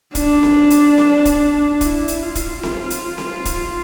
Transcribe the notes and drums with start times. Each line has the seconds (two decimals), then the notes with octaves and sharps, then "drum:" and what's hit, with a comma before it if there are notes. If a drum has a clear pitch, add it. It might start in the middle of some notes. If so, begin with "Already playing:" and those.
0.15 D4, drum: kick, hi-hat
0.43 drum: snare C4
0.70 drum: hi-hat
0.98 drum: snare C4
1.25 drum: kick, hi-hat
1.81 E4, drum: kick, hi-hat
2.08 drum: hi-hat
2.22 F4
2.35 drum: kick, hi-hat
2.63 F4, drum: snare C4
2.90 drum: hi-hat
3.18 drum: snare C4
3.45 drum: kick, hi-hat